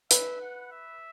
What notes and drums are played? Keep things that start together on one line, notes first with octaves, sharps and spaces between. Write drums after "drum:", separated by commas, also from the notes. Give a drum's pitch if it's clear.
B4 E5, drum: hi-hat
F#5
E5